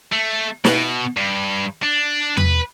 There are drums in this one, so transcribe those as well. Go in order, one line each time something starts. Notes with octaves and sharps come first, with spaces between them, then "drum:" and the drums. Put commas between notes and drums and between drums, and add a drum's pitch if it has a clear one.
A3
B2, drum: snare
G2
D4
B4, drum: tom E2